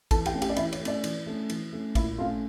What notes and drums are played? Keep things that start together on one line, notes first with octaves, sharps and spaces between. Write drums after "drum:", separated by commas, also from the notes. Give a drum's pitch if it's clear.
E3 A4 A5, drum: kick, cymbal
G4 G5, drum: cymbal
A3 C#4
G4 G5, drum: cymbal
D5
E3 E4 E5, drum: cymbal
C#5, drum: cymbal
A3
C#4 D5, drum: cymbal
E3, drum: cymbal
A3 C#4
E3, drum: cymbal
A3 C#4
A#2 E4 E5, drum: kick, cymbal
A3 C#4 F4 F5